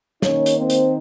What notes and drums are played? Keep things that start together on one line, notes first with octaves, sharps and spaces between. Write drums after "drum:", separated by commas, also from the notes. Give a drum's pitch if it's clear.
D#3 A#3 C#4 D#4 C#5, drum: snare
drum: hi-hat
C4 C5
drum: hi-hat